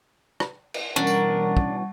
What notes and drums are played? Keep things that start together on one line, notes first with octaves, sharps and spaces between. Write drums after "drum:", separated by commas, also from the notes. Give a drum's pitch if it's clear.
drum: rim click
drum: cymbal
B2 E3 G3 C#4 D4 A#4 F#5 C#6
drum: tambourine
drum: kick